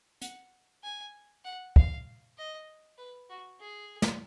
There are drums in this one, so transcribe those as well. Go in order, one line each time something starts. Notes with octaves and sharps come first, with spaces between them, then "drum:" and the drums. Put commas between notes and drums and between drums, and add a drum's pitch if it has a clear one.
F#5, drum: hi-hat
G#5
F#5
F5, drum: kick
D#5
B4
F#4
G#4
drum: snare